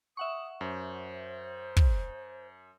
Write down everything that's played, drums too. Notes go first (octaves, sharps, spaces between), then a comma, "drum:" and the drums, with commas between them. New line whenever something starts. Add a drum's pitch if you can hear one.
E5 F#5 C#6 D#6
F#2 C5
drum: kick